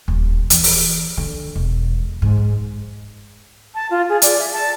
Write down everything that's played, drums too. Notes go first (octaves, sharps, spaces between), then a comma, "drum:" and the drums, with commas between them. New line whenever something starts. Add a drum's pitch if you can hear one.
D#1
E3, drum: hi-hat
drum: open hi-hat
D3
E1
G#2
A5
F4
G#4
D5, drum: hi-hat
E5
A5